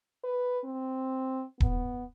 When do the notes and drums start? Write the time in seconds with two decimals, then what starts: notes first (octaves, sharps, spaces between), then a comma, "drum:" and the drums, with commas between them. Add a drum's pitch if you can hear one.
0.24 B4
0.64 C4
1.60 B3, drum: kick D#1